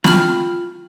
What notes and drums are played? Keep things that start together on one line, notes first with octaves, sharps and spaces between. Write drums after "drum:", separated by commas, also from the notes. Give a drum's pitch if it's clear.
F4 G5 A5 B5 F6, drum: snare